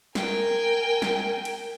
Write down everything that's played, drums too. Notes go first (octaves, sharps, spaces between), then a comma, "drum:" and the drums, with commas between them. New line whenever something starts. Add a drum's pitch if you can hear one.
A#4 G5 G#5, drum: snare
drum: snare
drum: cymbal